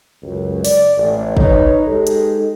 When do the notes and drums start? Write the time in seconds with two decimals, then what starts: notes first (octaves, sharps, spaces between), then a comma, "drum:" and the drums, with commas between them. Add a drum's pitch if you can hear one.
0.23 C#2 F#2
0.65 D5, drum: open hi-hat
0.97 A1
1.37 D#4 B4 C#5, drum: kick
1.86 G#3 D#4 G4 A4
2.07 drum: hi-hat